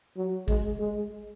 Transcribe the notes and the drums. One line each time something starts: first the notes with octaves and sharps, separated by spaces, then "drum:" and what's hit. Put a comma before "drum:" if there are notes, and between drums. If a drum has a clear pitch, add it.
F#3
G#3, drum: kick
G#3